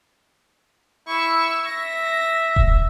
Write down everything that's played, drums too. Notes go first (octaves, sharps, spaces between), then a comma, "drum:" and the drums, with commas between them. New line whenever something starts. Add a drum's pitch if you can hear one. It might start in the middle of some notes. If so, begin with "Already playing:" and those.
E4 C#6 E6
E5 A#6
drum: kick D#1